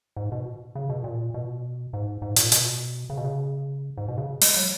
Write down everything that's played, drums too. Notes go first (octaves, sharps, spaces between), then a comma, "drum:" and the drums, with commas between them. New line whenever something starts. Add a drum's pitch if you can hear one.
G#2
B2
C#3
B2
A#2
B2
G#2
G#2
A#2, drum: hi-hat
B2, drum: hi-hat
C#3
B2
C#3
G#2
B2
C#3
G#3, drum: open hi-hat
F#3